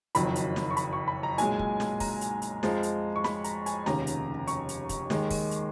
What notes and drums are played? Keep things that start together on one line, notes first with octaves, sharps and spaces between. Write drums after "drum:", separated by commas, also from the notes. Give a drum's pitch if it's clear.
F#1 F2 D#3 F#3 B5, drum: hi-hat
drum: hi-hat
drum: snare
C#6
B5, drum: hi-hat
C#6
B5
A#5
B1 A#2 G#3 G#5, drum: hi-hat
drum: kick
drum: snare
A#5, drum: kick, open hi-hat
drum: hi-hat
drum: hi-hat
F2 F3 G#3, drum: snare
drum: hi-hat
C#6
B5, drum: snare
A#5, drum: hi-hat
G#5, drum: hi-hat
F1 D#2 C#3 A#5, drum: snare
drum: hi-hat
C#6, drum: hi-hat
drum: hi-hat
drum: kick, hi-hat
D#2 D#3 G#3, drum: snare
drum: kick, open hi-hat
drum: hi-hat